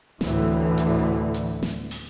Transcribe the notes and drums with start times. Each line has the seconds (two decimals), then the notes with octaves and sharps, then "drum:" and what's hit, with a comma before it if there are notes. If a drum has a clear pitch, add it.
0.21 D2 A2 E3, drum: snare
0.77 drum: hi-hat
1.34 drum: hi-hat
1.63 drum: snare
1.91 drum: open hi-hat